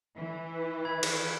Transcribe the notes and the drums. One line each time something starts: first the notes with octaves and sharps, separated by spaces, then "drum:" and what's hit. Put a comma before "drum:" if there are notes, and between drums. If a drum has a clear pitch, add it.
E3
B4
B5 G#6
drum: cymbal